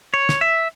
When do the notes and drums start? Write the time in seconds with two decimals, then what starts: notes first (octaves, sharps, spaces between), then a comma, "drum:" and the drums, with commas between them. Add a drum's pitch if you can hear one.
0.14 C#5
0.29 drum: snare
0.41 E5